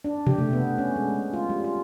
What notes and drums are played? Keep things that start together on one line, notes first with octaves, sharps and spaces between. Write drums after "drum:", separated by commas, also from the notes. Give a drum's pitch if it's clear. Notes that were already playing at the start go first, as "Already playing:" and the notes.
D4
G4, drum: tom B2
A3
B3
C#4
G#3
F4
G3
F4